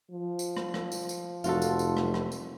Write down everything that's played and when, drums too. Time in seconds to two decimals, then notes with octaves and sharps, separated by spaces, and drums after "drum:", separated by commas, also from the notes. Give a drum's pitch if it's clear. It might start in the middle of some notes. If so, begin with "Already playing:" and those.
0.11 F3
0.39 drum: tambourine
0.57 drum: rim click
0.74 drum: rim click
0.92 drum: tambourine
1.09 drum: tambourine
1.44 F1 F4 F#4 A4, drum: tambourine
1.62 drum: tambourine
1.79 drum: tambourine
1.97 drum: rim click
2.14 drum: rim click
2.32 drum: tambourine